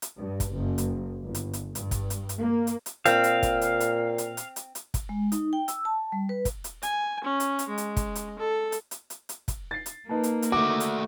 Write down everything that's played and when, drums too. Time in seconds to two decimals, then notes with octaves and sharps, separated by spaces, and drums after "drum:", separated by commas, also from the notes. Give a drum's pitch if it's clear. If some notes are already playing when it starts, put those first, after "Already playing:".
0.02 drum: hi-hat
0.17 G2
0.40 drum: kick, hi-hat
0.53 F#1
0.78 drum: hi-hat
1.23 G1
1.35 drum: hi-hat
1.53 drum: hi-hat
1.75 G2, drum: hi-hat
1.91 drum: kick, hi-hat
2.10 drum: hi-hat
2.29 drum: hi-hat
2.40 A#3
2.67 drum: hi-hat
2.86 drum: hi-hat
3.05 A#2 C4 F5, drum: hi-hat
3.24 drum: hi-hat
3.43 drum: kick, hi-hat
3.61 drum: hi-hat
3.80 drum: hi-hat
4.18 drum: hi-hat
4.37 drum: hi-hat
4.56 drum: hi-hat
4.75 drum: hi-hat
4.94 drum: kick, hi-hat
5.09 G#3
5.32 D#4, drum: hi-hat
5.53 G5
5.68 E6, drum: hi-hat
5.85 A5
6.12 G3
6.29 B4
6.45 drum: kick, hi-hat
6.64 drum: hi-hat
6.82 G#5, drum: hi-hat
7.24 C#4
7.40 drum: hi-hat
7.59 drum: hi-hat
7.68 G#3
7.78 drum: hi-hat
7.97 drum: kick, hi-hat
8.15 drum: hi-hat
8.39 A4
8.72 drum: hi-hat
8.91 drum: hi-hat
9.10 drum: hi-hat
9.29 drum: hi-hat
9.48 drum: kick, hi-hat
9.71 A6 C7
9.86 drum: hi-hat
10.09 A#3 D#4 B4 A5
10.23 drum: hi-hat
10.42 drum: hi-hat
10.52 A3 F#4 D6
10.80 drum: hi-hat